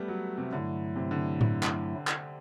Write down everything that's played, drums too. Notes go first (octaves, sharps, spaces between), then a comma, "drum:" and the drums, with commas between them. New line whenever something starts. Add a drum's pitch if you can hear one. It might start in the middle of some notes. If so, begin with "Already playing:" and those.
Already playing: G3 A3 B3
F#3
C3
G2 D3 F#3 A3 E4
C3
D3
drum: tom A2
drum: clap
drum: clap